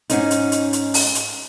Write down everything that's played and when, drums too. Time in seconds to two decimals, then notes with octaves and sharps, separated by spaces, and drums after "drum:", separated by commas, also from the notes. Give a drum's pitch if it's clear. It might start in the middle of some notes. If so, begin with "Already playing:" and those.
0.10 G#2 C#4 D#4, drum: hi-hat
0.31 drum: hi-hat
0.52 drum: hi-hat
0.73 drum: hi-hat
0.94 drum: open hi-hat
1.15 drum: hi-hat